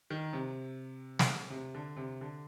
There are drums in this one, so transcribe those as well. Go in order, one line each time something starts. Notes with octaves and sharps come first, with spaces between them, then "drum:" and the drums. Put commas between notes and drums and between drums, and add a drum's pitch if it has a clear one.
D#3
C3
drum: snare
C3
D3
C3
D3